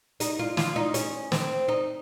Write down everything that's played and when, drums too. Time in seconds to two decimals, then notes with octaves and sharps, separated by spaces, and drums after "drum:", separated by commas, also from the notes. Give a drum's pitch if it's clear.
0.20 D#4, drum: hi-hat
0.39 F4
0.57 F4, drum: snare
0.76 D#4
0.94 C#4, drum: hi-hat
1.32 C4, drum: snare
1.68 D#4